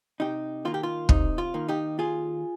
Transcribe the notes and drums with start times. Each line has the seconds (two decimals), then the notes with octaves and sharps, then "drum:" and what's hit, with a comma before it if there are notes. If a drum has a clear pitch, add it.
0.20 C3 D#4 G4
0.65 D#3 A#3 F4
0.74 G4
0.83 F4
1.09 C3 D#4, drum: kick
1.38 F4
1.54 D#3 A#3
1.68 D#4 G4
1.98 D#2 F4 G#4